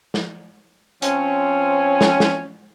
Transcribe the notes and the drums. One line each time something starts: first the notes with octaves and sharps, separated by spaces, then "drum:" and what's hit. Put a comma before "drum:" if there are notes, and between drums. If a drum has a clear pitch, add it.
drum: snare
F3 C4 C#4, drum: hi-hat
drum: snare
drum: snare